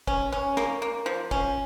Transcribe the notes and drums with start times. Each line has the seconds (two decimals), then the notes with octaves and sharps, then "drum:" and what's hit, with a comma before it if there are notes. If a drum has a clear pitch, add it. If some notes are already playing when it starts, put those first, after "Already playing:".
0.07 C#4, drum: kick
0.32 C#4
0.57 A#3, drum: snare
0.82 A#3
1.06 F3
1.31 C#4, drum: kick